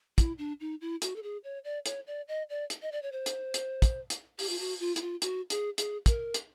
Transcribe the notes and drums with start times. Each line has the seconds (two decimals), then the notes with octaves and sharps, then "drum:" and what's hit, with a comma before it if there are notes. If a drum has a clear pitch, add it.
0.18 E4, drum: kick, hi-hat
0.38 D4
0.60 D#4
0.81 E4
1.02 F#4, drum: hi-hat
1.16 A4
1.23 G#4
1.44 C#5
1.64 D5
1.86 C#5, drum: hi-hat
2.07 D5
2.28 D#5
2.50 D5
2.70 drum: hi-hat
2.82 D#5
2.92 D5
3.03 C#5
3.12 C5
3.26 drum: hi-hat
3.54 drum: hi-hat
3.82 drum: kick, hi-hat
4.10 drum: hi-hat
4.39 G4, drum: open hi-hat
4.49 F4
4.59 F#4
4.80 F4
4.96 E4, drum: hi-hat
5.01 F4
5.22 F#4, drum: hi-hat
5.50 G#4, drum: hi-hat
5.78 G#4, drum: hi-hat
6.06 A#4, drum: kick, hi-hat
6.34 drum: hi-hat